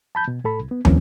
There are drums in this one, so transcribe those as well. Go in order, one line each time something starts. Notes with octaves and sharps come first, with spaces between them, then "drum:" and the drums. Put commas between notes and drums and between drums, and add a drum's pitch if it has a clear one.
A5 B5 G6
B2
A2 A4 B5
C2
B3
D3 E3 F#3 A#3 C4 C#4, drum: tom